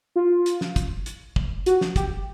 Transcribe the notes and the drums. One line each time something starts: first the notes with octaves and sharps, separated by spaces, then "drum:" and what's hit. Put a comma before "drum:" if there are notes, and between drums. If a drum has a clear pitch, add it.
F4
drum: hi-hat
drum: snare
drum: kick, hi-hat
drum: hi-hat
drum: kick
F#4, drum: hi-hat
drum: snare
G4, drum: kick, hi-hat